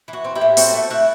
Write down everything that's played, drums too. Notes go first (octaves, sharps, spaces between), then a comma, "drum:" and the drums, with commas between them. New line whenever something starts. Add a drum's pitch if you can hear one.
E3
F#4
C4
E4 G4
A2
C4 F#4 A4, drum: open hi-hat
A3
E4 F#4